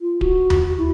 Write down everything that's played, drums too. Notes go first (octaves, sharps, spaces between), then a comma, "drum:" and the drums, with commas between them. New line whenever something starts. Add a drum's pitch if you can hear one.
F4
F#4, drum: kick D1
drum: tom D#2
E4